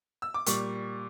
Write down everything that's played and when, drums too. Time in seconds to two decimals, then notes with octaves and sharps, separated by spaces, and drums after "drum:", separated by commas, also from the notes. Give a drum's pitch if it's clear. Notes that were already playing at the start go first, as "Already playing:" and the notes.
0.22 E6
0.34 D6
0.46 A#2 G3 C#6, drum: hi-hat